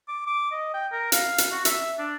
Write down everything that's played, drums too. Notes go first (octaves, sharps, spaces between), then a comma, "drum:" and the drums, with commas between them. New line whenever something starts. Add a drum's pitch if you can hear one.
D6
D6
D#5
G5
A#4
F5, drum: hi-hat
drum: hi-hat
F#4
E5, drum: hi-hat
D4